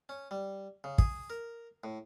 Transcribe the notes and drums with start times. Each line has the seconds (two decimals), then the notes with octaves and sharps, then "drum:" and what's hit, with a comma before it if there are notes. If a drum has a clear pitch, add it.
0.09 C#4
0.31 G3
0.84 C#3
0.98 G#4, drum: kick
1.30 A#4
1.84 A2